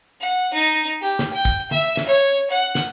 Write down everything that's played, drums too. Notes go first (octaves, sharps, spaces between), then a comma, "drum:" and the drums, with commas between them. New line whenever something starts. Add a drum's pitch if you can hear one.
F#5
D#4
G4
drum: snare
G5
drum: kick
E5, drum: tom
drum: snare
C#5
F#5
drum: snare